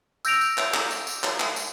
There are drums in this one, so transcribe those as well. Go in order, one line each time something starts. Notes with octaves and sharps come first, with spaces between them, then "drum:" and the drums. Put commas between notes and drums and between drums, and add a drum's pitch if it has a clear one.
E6 G6 A#6 D7 F7, drum: tambourine
drum: tambourine
drum: clap
drum: clap
drum: tambourine
drum: tambourine
drum: clap
drum: clap
drum: tambourine